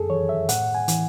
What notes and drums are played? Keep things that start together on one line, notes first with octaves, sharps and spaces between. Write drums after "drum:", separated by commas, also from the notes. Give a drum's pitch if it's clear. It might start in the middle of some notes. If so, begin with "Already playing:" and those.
Already playing: F#2 G#4 A4
E3 C#5
E5
A2 F#5, drum: hi-hat
G#5
E3, drum: hi-hat